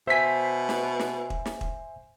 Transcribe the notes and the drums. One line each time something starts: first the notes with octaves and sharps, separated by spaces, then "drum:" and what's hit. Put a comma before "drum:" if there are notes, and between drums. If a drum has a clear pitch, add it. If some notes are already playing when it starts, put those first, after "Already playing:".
B2 C5 E5 G#5 B6
drum: snare
drum: snare
drum: kick
drum: snare
drum: kick